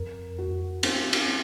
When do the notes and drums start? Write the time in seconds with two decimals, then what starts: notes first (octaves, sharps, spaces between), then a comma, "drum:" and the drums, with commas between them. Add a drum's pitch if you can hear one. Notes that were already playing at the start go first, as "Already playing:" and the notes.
Already playing: F2 A#4
0.38 F#4
0.83 C4, drum: cymbal
1.13 drum: cymbal
1.28 C4